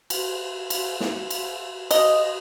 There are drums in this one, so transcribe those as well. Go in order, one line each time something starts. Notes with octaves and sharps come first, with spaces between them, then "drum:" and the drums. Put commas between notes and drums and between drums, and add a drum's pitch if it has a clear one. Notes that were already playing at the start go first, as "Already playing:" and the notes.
drum: cymbal
drum: cymbal
drum: snare
drum: cymbal
D#5, drum: cymbal